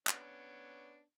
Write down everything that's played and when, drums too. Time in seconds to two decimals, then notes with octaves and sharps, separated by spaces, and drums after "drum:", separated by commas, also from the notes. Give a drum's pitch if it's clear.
0.07 B3 C#4 D4, drum: clap